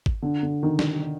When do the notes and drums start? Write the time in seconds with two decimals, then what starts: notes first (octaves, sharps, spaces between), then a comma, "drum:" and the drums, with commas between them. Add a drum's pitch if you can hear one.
0.06 drum: kick G#1
0.22 D3
0.43 D3
0.63 D#3
0.79 drum: snare